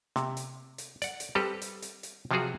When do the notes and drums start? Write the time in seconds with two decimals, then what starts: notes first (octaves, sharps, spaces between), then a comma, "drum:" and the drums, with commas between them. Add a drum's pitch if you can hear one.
0.16 C3, drum: snare
0.37 drum: hi-hat
0.78 drum: hi-hat
1.02 D5 F#5, drum: hi-hat
1.20 drum: hi-hat
1.35 G3 C4 G4 A4 B4
1.62 drum: hi-hat
1.82 drum: hi-hat
2.03 drum: hi-hat
2.31 C3 F3 F#3 F4 F#4 G#4